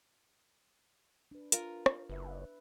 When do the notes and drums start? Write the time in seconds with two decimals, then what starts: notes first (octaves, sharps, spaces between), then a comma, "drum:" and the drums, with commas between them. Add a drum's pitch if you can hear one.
1.31 D4 B4
1.52 F4 A#4, drum: hi-hat
1.86 drum: rim click
2.10 F#1 B4 E5